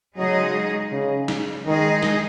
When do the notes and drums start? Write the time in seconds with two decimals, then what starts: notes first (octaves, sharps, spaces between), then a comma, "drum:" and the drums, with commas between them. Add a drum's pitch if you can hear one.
0.17 C#3 F#3 G#3 D#4 G#4 D#5
0.92 C#3
1.28 drum: snare
1.66 D#3 G#3 D#4 G#4 D#5
2.02 drum: snare